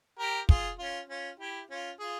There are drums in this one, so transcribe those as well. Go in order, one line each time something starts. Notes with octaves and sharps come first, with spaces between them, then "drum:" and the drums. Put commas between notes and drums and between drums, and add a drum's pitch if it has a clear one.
G4 A#4
F4 G#4, drum: kick
C#4 F4
C#4 F4
E4 G4
C#4 F4
F4 G#4